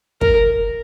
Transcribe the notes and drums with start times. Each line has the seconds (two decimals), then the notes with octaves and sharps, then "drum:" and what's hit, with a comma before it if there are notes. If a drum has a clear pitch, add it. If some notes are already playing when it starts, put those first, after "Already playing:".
0.21 A#4, drum: kick